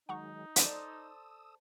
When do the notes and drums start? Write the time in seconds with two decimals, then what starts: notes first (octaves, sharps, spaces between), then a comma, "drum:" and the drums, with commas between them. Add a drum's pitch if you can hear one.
0.09 D#3 F#3 G#3 D#4 F#5 A#5 C#6
0.56 A4 C5 D5 D#6 E6, drum: hi-hat